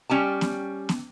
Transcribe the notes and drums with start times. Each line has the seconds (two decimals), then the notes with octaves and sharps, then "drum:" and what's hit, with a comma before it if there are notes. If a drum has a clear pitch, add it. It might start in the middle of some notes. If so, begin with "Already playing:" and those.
0.10 G3 C#4 G4 A5
0.41 drum: snare B3
0.89 drum: snare B3